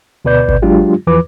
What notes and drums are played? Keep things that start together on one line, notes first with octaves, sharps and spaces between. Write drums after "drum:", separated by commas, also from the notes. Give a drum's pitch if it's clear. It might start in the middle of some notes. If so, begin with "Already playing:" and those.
D2 B2 B4 D5 G6
drum: kick G#1
F#3 G#3 D4 F4 G4
E2 E3 F3 B4 D6